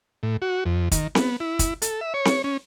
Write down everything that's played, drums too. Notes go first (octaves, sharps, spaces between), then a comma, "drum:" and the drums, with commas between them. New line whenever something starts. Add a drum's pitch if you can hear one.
A2
F#4
F2
D#3, drum: kick, hi-hat
B3, drum: snare C4
E4
drum: kick, hi-hat
A4, drum: hi-hat
E5
C#5
drum: snare C4
C#4